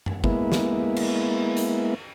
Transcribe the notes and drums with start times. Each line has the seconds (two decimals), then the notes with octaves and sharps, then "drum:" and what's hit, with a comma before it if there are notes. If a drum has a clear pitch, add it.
0.06 drum: tom F#2
0.24 G#3 A#3 B3 E4, drum: kick G1
0.52 drum: snare
0.96 drum: cymbal
1.57 drum: hi-hat